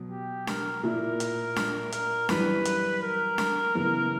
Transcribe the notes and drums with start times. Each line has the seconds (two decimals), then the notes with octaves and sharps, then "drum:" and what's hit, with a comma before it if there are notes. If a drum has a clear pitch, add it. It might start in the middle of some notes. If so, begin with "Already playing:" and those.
Already playing: B2 F#3
0.11 G4
0.47 A#4, drum: snare D4
0.83 A#2 A#3 E4 A#4
1.20 drum: hi-hat
1.56 drum: snare D4
1.92 A#4, drum: hi-hat
2.29 F#2 E3 G3 B4, drum: snare D4
2.65 drum: hi-hat
3.02 A#4
3.38 drum: snare D4
3.75 F#2 C#3 E3 B3